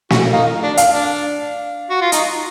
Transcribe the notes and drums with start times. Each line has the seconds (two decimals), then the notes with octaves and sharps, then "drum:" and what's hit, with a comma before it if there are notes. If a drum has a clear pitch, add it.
0.10 F#4, drum: snare
0.33 D#4 F5
0.63 D4
0.77 F5, drum: hi-hat
0.92 D4
1.90 F#4
2.01 F4
2.12 D#4, drum: hi-hat